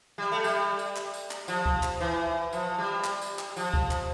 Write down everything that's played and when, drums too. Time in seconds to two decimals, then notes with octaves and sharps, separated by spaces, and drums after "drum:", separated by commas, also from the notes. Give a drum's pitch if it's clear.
0.18 G3
0.32 A3
0.44 G3, drum: tambourine
0.79 drum: tambourine
0.96 drum: clap
1.14 drum: tambourine
1.31 drum: clap
1.48 F3, drum: tambourine
1.66 drum: kick C#2
1.83 drum: clap
2.00 E3
2.53 F3, drum: tambourine
2.78 G3
3.04 drum: clap
3.22 drum: tambourine
3.39 drum: clap
3.56 F3, drum: tambourine
3.74 drum: kick C#2
3.91 drum: clap